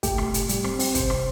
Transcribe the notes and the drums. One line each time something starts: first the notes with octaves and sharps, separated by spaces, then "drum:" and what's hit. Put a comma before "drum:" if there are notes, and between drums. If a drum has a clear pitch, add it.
A3 G4, drum: kick, hi-hat
C2, drum: rim click
A2, drum: hi-hat
G3, drum: hi-hat
C4, drum: rim click
C4, drum: open hi-hat
C3 C5, drum: kick, hi-hat
drum: rim click